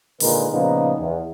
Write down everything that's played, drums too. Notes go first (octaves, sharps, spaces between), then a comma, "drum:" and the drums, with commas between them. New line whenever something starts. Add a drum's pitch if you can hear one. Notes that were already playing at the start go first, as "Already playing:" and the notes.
A#2 D3 D#3 G#3 A#4 B4, drum: open hi-hat
A#2 C#3 F3 A#3 B3 D#4
E2